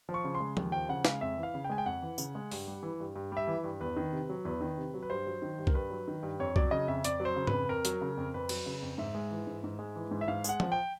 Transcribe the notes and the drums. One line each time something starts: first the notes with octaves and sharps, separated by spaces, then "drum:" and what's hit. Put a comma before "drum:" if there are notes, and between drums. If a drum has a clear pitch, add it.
F3
C#6
C#3
C6
G#3
D#2, drum: tom F3
F3 G5
C#3 F#5
G#3 F5, drum: snare
F2 E5
E3
F5
C#3
G5
G#3 G#5
G5
F2 F#5
E3
C#3, drum: tambourine
G#3
G2, drum: open hi-hat
G3
E3
G2
G2
G3 E5
E3
G2
E2 B4
D#3
C3
F#3
E2 B4
D#3
C3
F#3
B4
G2 C5
F#3
D#3
G2
A#4, drum: kick
G2 B4
F#3
D#3
G2
F2 C#5
F#3 D5, drum: kick
C#3 D#5
F2 E5
F2 D5, drum: hi-hat
F#3
C5
C#3
B4, drum: tom G#2
F2
F2 A#4
F#3, drum: hi-hat
C#3
F2
F2 B4
F#3, drum: cymbal
C#3
F2
G#2 E5
G#3
E3
G#2
G#2
G#3
E3
G#2
E5
G#2 F5
G#3 F#5, drum: tambourine
F3, drum: tom F3
G5